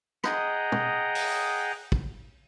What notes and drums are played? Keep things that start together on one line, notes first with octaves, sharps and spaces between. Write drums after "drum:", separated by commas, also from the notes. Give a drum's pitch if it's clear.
G#4 D#5 F#5 G5 A#5, drum: rim click
drum: tom
drum: open hi-hat
drum: kick